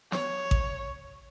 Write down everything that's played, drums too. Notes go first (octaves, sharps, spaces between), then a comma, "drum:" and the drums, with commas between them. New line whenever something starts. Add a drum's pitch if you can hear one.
C#5, drum: snare
drum: kick A1